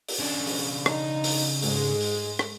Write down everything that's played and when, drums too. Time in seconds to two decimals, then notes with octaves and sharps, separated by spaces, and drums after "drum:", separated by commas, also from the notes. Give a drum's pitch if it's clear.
0.09 drum: open hi-hat
0.19 C#3 D4
0.47 drum: open hi-hat
0.86 D#4, drum: rim click
1.24 drum: open hi-hat
1.62 G#2 G#3, drum: open hi-hat
2.01 drum: open hi-hat
2.39 drum: rim click